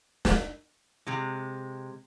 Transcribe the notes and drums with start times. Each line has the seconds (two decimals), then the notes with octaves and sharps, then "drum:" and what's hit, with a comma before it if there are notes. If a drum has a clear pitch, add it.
0.25 drum: snare
1.07 C3 G#3